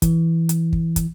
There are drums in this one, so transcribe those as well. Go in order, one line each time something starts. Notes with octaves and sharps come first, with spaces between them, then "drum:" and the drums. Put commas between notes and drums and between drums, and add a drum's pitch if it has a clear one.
E3, drum: kick, hi-hat
drum: hi-hat
drum: kick
drum: kick, hi-hat